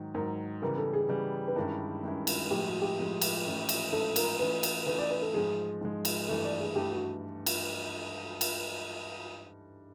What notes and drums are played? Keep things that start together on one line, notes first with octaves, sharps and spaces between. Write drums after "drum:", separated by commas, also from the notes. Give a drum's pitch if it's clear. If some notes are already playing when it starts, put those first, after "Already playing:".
Already playing: G#2 D#3 F#3
G#2 D#3 F#3 A#4
C#3 E3 G3 B3 A#4
A4
G#4
C#3 E3 G3 B3
B4
G2 D#3 G#3 C#4 E4 A#4
G2 D#3 G#3 C#4 E4
drum: cymbal
A2 F3 G#3 G4
F#4
G4
A2 F3 G#3
drum: cymbal
G#2 E3 A3 C#4
drum: cymbal
G#2 E3 A3 C#4 A4
A#4, drum: cymbal
E3 A3 C#4 B4
drum: cymbal
E3 A3 C#4 B4
D5
B4
A4
G#2 F3 G#3 G#4
G#2 F3 G#3
drum: cymbal
G2 E3 A3 A4
D5
G#4
G2 E3 A3 G4
F#4
drum: cymbal
drum: cymbal